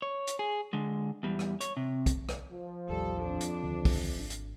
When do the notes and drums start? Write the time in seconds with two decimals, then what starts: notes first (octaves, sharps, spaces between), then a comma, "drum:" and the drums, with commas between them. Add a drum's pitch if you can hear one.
0.02 C#5
0.27 drum: hi-hat
0.39 G#4
0.73 D3 G#3
1.23 E2 G3
1.39 drum: rim click
1.61 C#5, drum: hi-hat
1.77 C3
2.06 drum: kick, hi-hat
2.29 drum: rim click
2.50 F3
2.89 A1 D#2 G3 A4
3.22 F2 D4
3.41 drum: hi-hat
3.63 D2 D3 D#3
3.85 drum: kick, open hi-hat
4.16 G#1 D4
4.30 drum: hi-hat